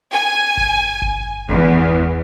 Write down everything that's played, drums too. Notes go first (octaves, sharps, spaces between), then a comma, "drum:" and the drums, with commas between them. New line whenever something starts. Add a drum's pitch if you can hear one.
G#5
drum: kick G1
drum: kick G1
E2, drum: kick G1